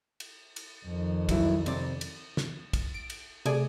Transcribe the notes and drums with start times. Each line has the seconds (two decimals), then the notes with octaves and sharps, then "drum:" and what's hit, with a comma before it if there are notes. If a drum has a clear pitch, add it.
0.20 drum: cymbal
0.56 drum: cymbal
0.86 F2 D#3
1.29 G2 F#3 E4, drum: kick, cymbal
1.66 C3 C4 D5, drum: cymbal
2.01 drum: cymbal
2.37 drum: snare
2.73 drum: kick, cymbal
2.94 D7
3.10 drum: cymbal
3.46 C3 A3 G#4 D5 G#5 D7, drum: cymbal